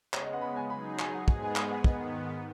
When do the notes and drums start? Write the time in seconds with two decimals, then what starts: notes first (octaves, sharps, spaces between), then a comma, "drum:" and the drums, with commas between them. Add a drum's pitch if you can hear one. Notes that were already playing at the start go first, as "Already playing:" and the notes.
0.14 C#3 G#3 B3 C#5, drum: clap
0.23 D#5
0.33 F#5
0.41 B5
0.56 G#5
0.70 F#3 D#4 G#4 B5
0.99 G#5, drum: clap
1.14 F#5
1.28 G#2 G#3 B3 G#4 G#5, drum: kick
1.42 G#5
1.56 B5, drum: clap
1.71 F#5
1.84 G#2 D#3 B3 D#5, drum: kick